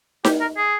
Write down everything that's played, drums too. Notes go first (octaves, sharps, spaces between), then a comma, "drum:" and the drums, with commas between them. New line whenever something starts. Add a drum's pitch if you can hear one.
G4, drum: snare D#4
A#4
G#4